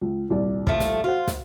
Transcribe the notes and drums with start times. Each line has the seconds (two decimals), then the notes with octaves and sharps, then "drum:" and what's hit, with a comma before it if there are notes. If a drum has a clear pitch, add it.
0.01 C#2
0.29 D#1 C2 D5
0.67 F3 A3, drum: kick
0.80 drum: snare
1.04 F4 F#4 C5 F#5
1.28 drum: snare